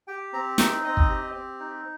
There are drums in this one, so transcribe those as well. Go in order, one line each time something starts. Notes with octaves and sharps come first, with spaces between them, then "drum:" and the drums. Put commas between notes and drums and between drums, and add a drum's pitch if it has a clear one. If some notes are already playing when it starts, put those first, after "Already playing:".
G4 G5
C4 A#5
D#4 G5, drum: snare
C4 D#5
drum: kick
G4
C4
D#4